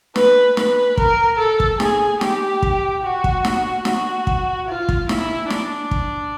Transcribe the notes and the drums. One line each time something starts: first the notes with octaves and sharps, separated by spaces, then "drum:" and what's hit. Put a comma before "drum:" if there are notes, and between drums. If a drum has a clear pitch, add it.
B4, drum: snare
B4, drum: snare
A#4, drum: kick
A4
drum: kick
G#4, drum: snare
G4, drum: snare
drum: kick
F#4
drum: kick
drum: snare
F#4, drum: snare
drum: kick
F4
drum: kick
E4, drum: snare
D4, drum: snare
drum: kick